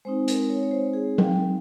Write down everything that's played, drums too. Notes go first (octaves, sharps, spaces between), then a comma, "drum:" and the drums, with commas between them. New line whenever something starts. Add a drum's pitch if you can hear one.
G#3 C4 D#4 C5
A#4, drum: hi-hat
C#5
C#5
C5
G#4
G5, drum: tom F#3
F5